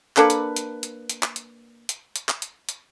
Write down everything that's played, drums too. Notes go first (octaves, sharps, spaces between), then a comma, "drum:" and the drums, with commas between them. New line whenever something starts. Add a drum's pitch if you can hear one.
A#3 D4 A4 B4, drum: clap
drum: hi-hat
drum: hi-hat
drum: hi-hat
drum: hi-hat
drum: clap
drum: hi-hat
drum: hi-hat
drum: hi-hat
drum: clap
drum: hi-hat
drum: hi-hat